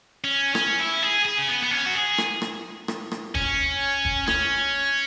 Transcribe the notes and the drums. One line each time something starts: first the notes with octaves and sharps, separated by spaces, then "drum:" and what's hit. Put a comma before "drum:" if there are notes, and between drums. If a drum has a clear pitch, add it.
C#4
C#4, drum: rim click
E4
G#4
G#4
C#4
B3
B3
C#4
F#4
G#4
drum: rim click
drum: rim click
drum: rim click
drum: rim click
C#4, drum: kick
drum: kick
C#4, drum: rim click